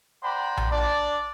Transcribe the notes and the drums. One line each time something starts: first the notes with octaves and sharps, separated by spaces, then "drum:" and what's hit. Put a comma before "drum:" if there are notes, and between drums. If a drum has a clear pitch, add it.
C5 D5 F#5 G5 A#5 B5
drum: tom A#1
D4 D5